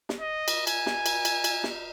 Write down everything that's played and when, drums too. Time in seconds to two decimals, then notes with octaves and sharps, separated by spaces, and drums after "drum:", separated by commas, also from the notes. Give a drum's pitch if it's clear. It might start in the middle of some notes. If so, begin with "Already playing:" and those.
0.09 drum: snare
0.21 D#5
0.48 drum: cymbal
0.67 G#5, drum: cymbal
0.86 drum: snare
1.06 drum: cymbal
1.25 drum: cymbal
1.44 drum: cymbal
1.64 drum: snare